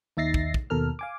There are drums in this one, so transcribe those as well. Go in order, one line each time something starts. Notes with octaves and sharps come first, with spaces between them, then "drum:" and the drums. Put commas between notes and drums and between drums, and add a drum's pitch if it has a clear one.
D#2 D#4 E5 A6 A#6 C7
drum: kick
drum: kick
D#2 B2 A4 A#4 F6
F5 G#5 D6